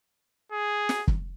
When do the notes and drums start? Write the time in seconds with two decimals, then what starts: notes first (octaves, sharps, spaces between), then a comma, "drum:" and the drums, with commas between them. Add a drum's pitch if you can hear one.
0.52 G#4
0.89 drum: snare
1.08 drum: kick